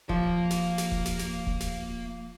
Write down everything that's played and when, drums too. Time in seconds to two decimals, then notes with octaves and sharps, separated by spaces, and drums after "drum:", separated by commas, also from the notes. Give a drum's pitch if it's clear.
0.09 F3 A#3 F5, drum: kick D#1
0.50 drum: snare
0.78 drum: snare
0.92 drum: kick D#1
1.05 drum: snare
1.19 drum: snare
1.47 drum: kick D#1
1.60 drum: snare